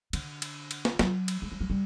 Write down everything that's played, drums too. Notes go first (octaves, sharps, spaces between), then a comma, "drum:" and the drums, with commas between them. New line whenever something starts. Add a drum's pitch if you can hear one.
D3, drum: cymbal
drum: cymbal
drum: cymbal
drum: snare
F#3, drum: snare
drum: cymbal
G#3
G3
F#3
G3